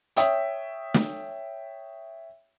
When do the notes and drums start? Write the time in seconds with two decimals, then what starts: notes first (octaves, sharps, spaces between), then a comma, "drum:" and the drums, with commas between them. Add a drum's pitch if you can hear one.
0.17 C#5 E5 G5 D#6, drum: hi-hat
0.94 drum: snare